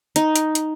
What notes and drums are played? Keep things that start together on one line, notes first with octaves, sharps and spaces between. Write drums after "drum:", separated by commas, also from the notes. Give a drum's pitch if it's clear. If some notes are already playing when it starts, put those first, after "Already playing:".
D#4, drum: hi-hat
drum: hi-hat
drum: hi-hat